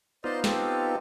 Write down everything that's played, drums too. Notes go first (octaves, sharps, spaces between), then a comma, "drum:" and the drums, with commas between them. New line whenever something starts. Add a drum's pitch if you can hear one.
B3 D#4 F4 C5 D5 D#5
C4 G4 A4, drum: snare